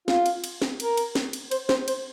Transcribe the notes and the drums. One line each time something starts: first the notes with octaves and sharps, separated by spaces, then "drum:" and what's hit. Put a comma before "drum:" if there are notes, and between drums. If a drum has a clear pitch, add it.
F4, drum: snare
drum: cymbal
drum: cymbal
drum: snare
A#4, drum: cymbal
drum: cymbal
drum: snare
drum: cymbal
C5, drum: cymbal
C5, drum: snare
C5, drum: cymbal